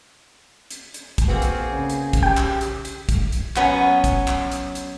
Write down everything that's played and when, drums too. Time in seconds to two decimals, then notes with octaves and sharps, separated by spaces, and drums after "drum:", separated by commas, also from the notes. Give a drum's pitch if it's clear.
0.71 drum: hi-hat
0.94 drum: hi-hat
1.18 drum: kick, hi-hat
1.28 A#3 C4 F#4 G#4 B4
1.42 drum: hi-hat
1.72 C#3
1.90 drum: hi-hat
2.13 drum: kick, hi-hat
2.23 G4 G5
2.37 drum: clap
2.61 drum: hi-hat
2.85 drum: hi-hat
3.09 drum: kick, hi-hat
3.32 drum: hi-hat
3.56 F#3 B3 C#4 B4 C#5, drum: clap
4.04 drum: kick, hi-hat
4.28 drum: clap
4.51 drum: hi-hat
4.75 drum: hi-hat